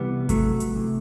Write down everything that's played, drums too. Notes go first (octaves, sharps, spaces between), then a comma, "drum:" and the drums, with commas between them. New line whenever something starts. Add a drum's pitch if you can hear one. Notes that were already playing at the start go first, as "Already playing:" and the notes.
Already playing: C2 C3 E3 G3 B3
F#3 A3, drum: kick G#1, hi-hat
drum: hi-hat
C3 E3